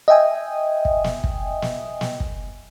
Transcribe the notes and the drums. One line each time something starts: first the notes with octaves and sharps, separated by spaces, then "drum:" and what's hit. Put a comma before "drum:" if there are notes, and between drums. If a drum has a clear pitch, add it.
D#5 E5 G5 G#5 D#6
drum: kick
drum: snare
drum: kick
drum: snare
drum: snare
drum: kick